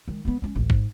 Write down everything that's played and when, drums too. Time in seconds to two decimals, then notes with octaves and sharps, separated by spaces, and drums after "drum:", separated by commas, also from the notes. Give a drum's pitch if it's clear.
0.08 D#3 G#3
0.25 G#3 B3
0.42 G#3 C#4
0.56 A1 D2
0.70 G#2, drum: kick